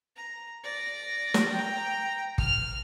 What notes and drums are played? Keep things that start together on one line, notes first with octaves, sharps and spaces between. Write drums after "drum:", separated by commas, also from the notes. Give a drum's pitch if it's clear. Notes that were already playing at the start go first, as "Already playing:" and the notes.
A#5
D5 A#6
drum: snare
G5 A#5
F6 F7, drum: kick